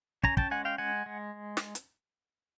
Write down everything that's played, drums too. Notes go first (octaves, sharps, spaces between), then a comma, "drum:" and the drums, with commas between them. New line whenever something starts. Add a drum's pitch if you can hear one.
C#4 G#5 A#5, drum: kick
G5 A5, drum: kick
G#3 F#5 G#5
F5 G5
G#3 F#5 G#5
G#3
drum: snare
drum: hi-hat